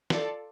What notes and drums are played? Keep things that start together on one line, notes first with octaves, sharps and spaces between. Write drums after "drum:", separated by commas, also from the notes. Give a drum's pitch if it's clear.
F4 A4 D5, drum: snare